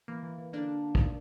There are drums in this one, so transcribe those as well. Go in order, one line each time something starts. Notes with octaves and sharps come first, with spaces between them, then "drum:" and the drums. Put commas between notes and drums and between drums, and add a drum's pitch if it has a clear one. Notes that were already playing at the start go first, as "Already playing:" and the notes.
E3 A#3
E3
E3
D3 A#3 D4
D3
D3
drum: kick